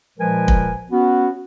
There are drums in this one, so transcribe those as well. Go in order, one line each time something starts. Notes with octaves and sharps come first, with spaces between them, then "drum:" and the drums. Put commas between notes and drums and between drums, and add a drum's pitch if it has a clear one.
A#2 F3 G#3 A#4 B4 G#5
drum: kick
B3 C#4 F#4